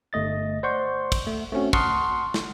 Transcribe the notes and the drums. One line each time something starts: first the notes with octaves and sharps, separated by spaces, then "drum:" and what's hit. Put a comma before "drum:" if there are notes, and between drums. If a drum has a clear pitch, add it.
G1 A3 D#5 A6
C5 D5 F#5 C6 C#6 G6
drum: kick, cymbal
A3
A3 C4 C#4 F#4
F#5 A5 C6 C#6 D#6 F6, drum: kick
drum: snare